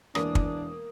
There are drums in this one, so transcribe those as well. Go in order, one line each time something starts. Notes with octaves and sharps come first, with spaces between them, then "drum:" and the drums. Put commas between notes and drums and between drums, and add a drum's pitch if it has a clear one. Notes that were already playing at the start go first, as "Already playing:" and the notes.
E1 E3 A#3 D4 D#6, drum: rim click
drum: kick